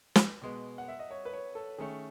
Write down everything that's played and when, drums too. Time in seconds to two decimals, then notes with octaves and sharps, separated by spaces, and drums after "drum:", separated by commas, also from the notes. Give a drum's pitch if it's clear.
0.16 drum: snare
0.42 B2 G#3 B3
0.78 F#5
0.88 E5
0.99 D#5
1.11 C#5
1.25 B4
1.33 C#5
1.55 A4
1.78 D#3 A3 C#4 G#4